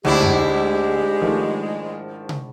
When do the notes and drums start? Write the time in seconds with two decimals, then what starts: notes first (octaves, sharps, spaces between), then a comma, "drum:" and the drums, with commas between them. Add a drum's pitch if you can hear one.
0.05 D2 G#2 G#3 D4 E4 G4
0.22 drum: tom F2
1.22 D#3 F3 A3
2.29 drum: tom C3